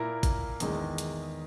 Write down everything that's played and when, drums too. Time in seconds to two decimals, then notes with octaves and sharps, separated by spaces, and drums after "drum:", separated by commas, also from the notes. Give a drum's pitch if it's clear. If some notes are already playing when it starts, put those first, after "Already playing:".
Already playing: A#2 A#3 E4 A#4
0.23 drum: kick G#1, hi-hat
0.60 E2 D#3 G#3, drum: hi-hat
0.98 drum: hi-hat